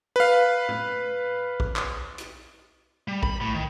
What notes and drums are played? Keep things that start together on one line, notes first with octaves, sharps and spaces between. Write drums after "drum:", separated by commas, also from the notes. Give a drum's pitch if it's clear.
B4 F5
drum: tom
drum: kick A#1
drum: clap
drum: hi-hat
G3
B5, drum: kick A#1
A2
D#3